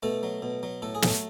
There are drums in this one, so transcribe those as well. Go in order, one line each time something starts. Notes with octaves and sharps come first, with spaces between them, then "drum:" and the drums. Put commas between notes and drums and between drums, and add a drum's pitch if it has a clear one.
B2 A3 A4
F#3
B2
F#3
A2 A4
G#4
F#3, drum: snare
A3 A4